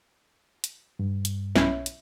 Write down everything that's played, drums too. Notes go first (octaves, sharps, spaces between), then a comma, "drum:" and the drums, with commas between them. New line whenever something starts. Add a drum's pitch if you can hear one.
drum: hi-hat
G2
drum: hi-hat
B1 C#4 E4, drum: snare
drum: hi-hat